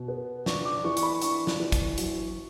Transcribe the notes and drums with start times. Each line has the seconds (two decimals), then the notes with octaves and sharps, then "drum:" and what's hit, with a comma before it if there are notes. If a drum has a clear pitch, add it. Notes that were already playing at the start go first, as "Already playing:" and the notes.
Already playing: B2
0.08 B3
0.46 D4 C#6, drum: snare
0.65 D6
0.84 E3 C#6
0.97 C#6, drum: hi-hat
1.03 B5
1.22 D4 C#6, drum: hi-hat
1.47 drum: snare
1.60 E3
1.72 drum: kick, hi-hat
1.98 F#3, drum: hi-hat